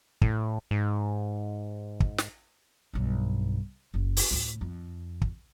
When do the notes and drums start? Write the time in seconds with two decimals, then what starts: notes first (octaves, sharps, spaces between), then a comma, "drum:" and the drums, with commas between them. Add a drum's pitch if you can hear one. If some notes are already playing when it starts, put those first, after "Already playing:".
0.21 A2, drum: kick
0.71 G#2
2.00 drum: kick
2.18 drum: snare
2.94 B1 G2
3.94 F#1
4.17 drum: open hi-hat
4.31 D2 A2
4.61 F2
5.22 drum: kick